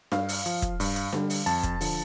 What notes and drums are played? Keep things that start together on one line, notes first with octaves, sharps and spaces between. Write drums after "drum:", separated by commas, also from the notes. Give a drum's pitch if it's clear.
G2 F5, drum: snare D4
drum: open hi-hat
F3, drum: hi-hat
drum: kick, hi-hat
G2, drum: open hi-hat
drum: hi-hat
D3 G3, drum: snare D4
drum: open hi-hat
F2 A5, drum: hi-hat
drum: kick, hi-hat
D3 F3, drum: open hi-hat